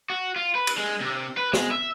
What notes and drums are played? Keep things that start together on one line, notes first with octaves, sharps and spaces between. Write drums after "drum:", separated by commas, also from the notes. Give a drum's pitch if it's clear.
F#4
F4
B4
drum: cymbal
G#3
C3
B4
G#3, drum: snare
E5